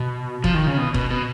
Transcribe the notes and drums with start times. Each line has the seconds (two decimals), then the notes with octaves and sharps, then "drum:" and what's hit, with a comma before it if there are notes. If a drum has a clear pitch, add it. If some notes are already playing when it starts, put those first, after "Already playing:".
Already playing: B2
0.44 F3, drum: kick E1
0.54 D#3
0.67 C#3
0.77 B2
0.94 B2, drum: kick E1
1.11 B2